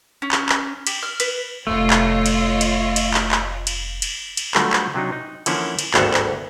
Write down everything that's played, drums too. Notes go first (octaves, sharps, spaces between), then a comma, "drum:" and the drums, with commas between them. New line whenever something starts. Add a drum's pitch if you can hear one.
C#4
drum: clap
drum: clap
G4, drum: cymbal
F6
B4, drum: cymbal
F1 A2 A3 F4 C#5 D#5
drum: clap
drum: cymbal
drum: cymbal
drum: cymbal
drum: clap
drum: clap
drum: cymbal
drum: cymbal
drum: cymbal
D3 F#3 G3 A3 F4, drum: clap
drum: clap
C3 F#3 D4 D#4
D#4
D3 E3 F3 A#3 C#4 E4, drum: cymbal
drum: cymbal
G#1 D2 G2 B3 F#4 A4, drum: clap
drum: clap